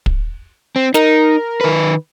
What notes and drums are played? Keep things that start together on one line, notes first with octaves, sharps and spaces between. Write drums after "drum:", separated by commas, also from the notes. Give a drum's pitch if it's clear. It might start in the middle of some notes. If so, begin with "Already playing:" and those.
drum: kick
C4
D#4 A#4, drum: snare
D#3 B4